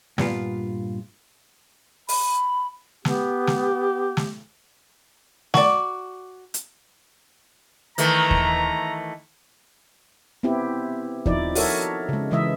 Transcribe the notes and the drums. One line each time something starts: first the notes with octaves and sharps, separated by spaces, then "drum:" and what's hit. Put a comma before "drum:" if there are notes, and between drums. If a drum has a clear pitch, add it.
G2 A#2 B3 F4, drum: snare
B5, drum: open hi-hat
B3 G4, drum: snare
drum: snare
drum: snare
F#4 D5, drum: snare
drum: hi-hat
D#3 E3 A3 A#5, drum: hi-hat
drum: kick D#2
B3 C4 E4 G4
F3 D#4 E4 D5, drum: kick D#2
F#4 A4 A#4 C#5 E5, drum: open hi-hat
C#3 G#3
C#3 E3 G#3 D#5 E5